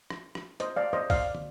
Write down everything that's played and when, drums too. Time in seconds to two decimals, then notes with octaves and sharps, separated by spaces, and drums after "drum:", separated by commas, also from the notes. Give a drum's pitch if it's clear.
0.10 drum: rim click
0.35 drum: rim click
0.60 C5 D#5, drum: hi-hat
0.76 D5 F5
0.93 C5 D#5
1.10 D5 F5, drum: kick C2, open hi-hat
1.35 drum: tom